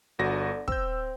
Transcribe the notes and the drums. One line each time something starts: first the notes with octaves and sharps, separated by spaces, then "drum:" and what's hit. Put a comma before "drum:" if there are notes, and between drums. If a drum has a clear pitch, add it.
G1 D3 F#4 A#6
C4 E6 G6, drum: kick